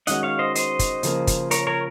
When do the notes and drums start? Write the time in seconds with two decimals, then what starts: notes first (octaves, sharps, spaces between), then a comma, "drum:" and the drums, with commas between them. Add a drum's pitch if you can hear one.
0.07 D#3 G#3 C#4 F#4 D#5 F#5, drum: hi-hat
0.23 C#5 F5
0.39 C5 D#5
0.55 C5 D#5, drum: hi-hat
0.79 drum: kick, hi-hat
1.03 C#3 F3 A#3, drum: hi-hat
1.27 drum: kick, hi-hat
1.51 A#4 C#5, drum: hi-hat
1.67 A#4 C#5